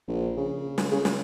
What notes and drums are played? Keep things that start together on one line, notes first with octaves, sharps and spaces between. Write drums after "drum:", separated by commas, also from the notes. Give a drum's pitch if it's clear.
A#1
C#3
drum: snare
C#3
drum: snare